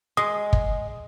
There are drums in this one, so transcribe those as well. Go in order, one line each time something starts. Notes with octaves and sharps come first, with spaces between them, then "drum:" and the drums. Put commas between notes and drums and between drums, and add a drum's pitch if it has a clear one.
G#3 D#6
drum: kick